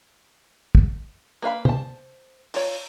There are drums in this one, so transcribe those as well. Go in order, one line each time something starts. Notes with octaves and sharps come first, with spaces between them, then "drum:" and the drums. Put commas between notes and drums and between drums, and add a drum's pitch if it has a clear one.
drum: kick
A#3 B4 F5 B5
C5 A5, drum: tom
F4 C#5, drum: open hi-hat